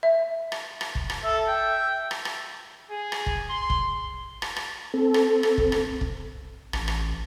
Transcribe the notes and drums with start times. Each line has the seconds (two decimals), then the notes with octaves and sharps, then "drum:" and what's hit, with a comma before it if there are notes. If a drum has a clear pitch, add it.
0.03 E5
0.52 drum: rim click
0.81 drum: rim click
0.95 drum: kick
1.10 drum: rim click
1.24 A4 E5
1.47 G5
2.11 drum: rim click
2.25 drum: rim click
2.91 G#4
3.12 drum: rim click
3.26 drum: kick
3.50 C6
3.70 drum: kick
4.42 drum: rim click
4.56 drum: rim click
4.94 C4 A4
5.14 drum: rim click
5.43 drum: rim click
5.58 drum: kick
5.72 drum: rim click
6.01 drum: kick
6.73 A1, drum: rim click
6.88 drum: rim click